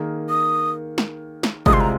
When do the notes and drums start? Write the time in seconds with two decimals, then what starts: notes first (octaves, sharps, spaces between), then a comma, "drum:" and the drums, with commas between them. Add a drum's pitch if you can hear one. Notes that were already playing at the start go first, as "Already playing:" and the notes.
Already playing: D#3 A#3 G#4
0.29 D#6
0.98 drum: snare
1.43 drum: snare
1.66 C2 C3 G#3 C4 F4 D#6, drum: kick G1
1.73 C6
1.81 A#5